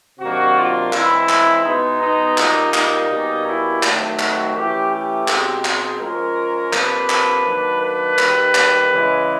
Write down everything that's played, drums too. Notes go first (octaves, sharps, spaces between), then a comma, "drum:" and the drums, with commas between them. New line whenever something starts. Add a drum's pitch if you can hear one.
C3 D#3 F#3 A#3 D4 F#4
F4
E3 G#3 C4 E4, drum: clap
drum: clap
B2 G#3 B3 D#4
D#4
A#2 G3 A#3, drum: clap
D#4, drum: clap
B2 G3 A#3 C#4
E4
D#3 F#3 A3 C4, drum: clap
F#4, drum: clap
E3 A3 C#4 G4
G4
B2 G#3 C4, drum: clap
G#4, drum: clap
F3 G#3 C#4 A#4
C3 F3 A#3 D4 B4, drum: clap
drum: clap
D#3 F#3 A#3 D4
B4
D#3 G3 A#3, drum: clap
drum: clap
C#3 E3 G#3